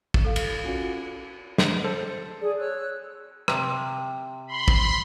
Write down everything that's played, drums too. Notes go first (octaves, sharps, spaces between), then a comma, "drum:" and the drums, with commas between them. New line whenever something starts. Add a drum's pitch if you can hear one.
drum: kick
A4 F5
drum: cymbal
C#4 F4 F#4
drum: snare
A4 C5
G#4 D5
C#5 E6 F#6
C3, drum: rim click
B5 C6
drum: kick